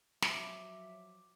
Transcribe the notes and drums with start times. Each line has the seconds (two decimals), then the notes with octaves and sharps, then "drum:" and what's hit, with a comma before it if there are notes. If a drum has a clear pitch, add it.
0.22 F3 F#3 E5 D6, drum: snare